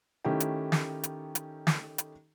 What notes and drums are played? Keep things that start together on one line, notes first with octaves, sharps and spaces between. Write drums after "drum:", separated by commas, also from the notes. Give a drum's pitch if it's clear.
D#3 A3 C#4 D#4 E4 G4
drum: hi-hat
drum: snare
drum: hi-hat
drum: hi-hat
drum: snare
drum: hi-hat